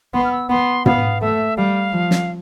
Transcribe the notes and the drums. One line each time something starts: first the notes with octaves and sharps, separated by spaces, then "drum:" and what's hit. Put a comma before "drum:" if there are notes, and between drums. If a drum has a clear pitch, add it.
B3 C6
F6
E6
B3 C6
B3 F5, drum: tom
A3 E5
G3 F5
F3
drum: snare